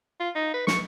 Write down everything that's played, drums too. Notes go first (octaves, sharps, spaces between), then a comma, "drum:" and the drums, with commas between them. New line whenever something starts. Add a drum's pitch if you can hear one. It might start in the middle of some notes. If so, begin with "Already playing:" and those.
F4
D#4
B4
C#6, drum: snare